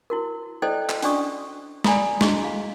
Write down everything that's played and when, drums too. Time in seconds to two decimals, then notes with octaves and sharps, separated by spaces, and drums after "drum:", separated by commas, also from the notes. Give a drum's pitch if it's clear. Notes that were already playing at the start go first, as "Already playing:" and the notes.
0.10 E4 F#4 A#4
0.62 E4 A4 C5 D5 D#5 G5
0.89 drum: clap
1.02 C#4 D4 F#4 D5 C#6 D#6, drum: open hi-hat
1.84 D5 G#5 A#5 B5 D#6, drum: snare
2.21 D4 E4 F#4 G#4 D#5 C6, drum: snare
2.44 F5